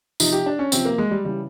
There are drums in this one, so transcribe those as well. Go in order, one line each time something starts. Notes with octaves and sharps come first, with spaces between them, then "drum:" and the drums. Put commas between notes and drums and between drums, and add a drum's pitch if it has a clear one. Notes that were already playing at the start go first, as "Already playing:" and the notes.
C3 F3 D#4, drum: tambourine
G4
D4
C#4
C3 F3 C4, drum: tambourine
A#3
G#3
G3
C#3 E3 G3